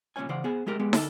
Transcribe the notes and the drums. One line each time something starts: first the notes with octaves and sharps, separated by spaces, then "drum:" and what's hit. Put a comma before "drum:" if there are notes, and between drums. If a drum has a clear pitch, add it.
C2 A#2 A#3 C#4 C#5 G#5
C#3 E3 C5 D5 F#5
B3 G#4 C5 G#5
G#3 A3 G4 A#4
G#3 B3 G4
D2 A4, drum: snare